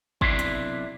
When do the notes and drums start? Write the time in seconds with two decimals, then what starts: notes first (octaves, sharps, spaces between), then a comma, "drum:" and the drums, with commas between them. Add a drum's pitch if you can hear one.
0.21 B1 C3 D4 E4 C6, drum: kick G1
0.39 drum: hi-hat